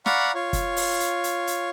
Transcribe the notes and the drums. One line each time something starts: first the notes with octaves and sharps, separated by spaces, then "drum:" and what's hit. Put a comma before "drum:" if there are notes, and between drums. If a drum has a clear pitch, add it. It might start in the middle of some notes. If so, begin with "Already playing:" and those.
D5 F5 F#5 A#5 B5 C#6, drum: snare
F4 C#5
drum: kick, hi-hat
drum: open hi-hat
drum: hi-hat
drum: hi-hat
drum: hi-hat